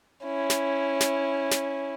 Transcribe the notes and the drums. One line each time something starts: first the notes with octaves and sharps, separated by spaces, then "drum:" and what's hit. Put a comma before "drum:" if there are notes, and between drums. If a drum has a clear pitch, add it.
C#4 E4
drum: snare
drum: snare
drum: snare